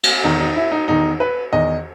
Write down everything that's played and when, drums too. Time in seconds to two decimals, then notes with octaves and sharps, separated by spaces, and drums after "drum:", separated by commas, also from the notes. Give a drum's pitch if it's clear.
0.03 drum: cymbal
0.24 E2 D#3 D#4
0.40 D#4
0.56 E4
0.72 D#4
0.88 E2 D#3 D#4
1.20 B4
1.53 E2 D#3 D#5